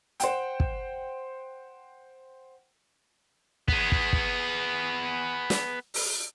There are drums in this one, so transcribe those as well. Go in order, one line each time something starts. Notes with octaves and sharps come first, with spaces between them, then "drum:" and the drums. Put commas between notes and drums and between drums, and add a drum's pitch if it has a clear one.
C5 F#5 G5, drum: hi-hat
drum: kick
B3 G#4, drum: kick
drum: kick
drum: kick
drum: snare
drum: open hi-hat